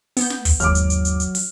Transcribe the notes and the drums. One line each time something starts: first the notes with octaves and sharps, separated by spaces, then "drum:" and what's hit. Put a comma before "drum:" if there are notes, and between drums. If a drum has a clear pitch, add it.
B3 G6, drum: open hi-hat
drum: snare
drum: kick, open hi-hat
G1 D#2 G#2 F#3 D6 F6, drum: hi-hat
drum: hi-hat
drum: hi-hat
drum: hi-hat
drum: hi-hat
drum: open hi-hat